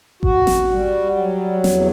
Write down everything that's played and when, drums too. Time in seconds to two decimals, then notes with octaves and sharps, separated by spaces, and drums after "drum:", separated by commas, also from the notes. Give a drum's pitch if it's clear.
0.23 F#4, drum: kick G#1
0.47 drum: snare
0.71 G3
1.17 F#3
1.64 E2, drum: snare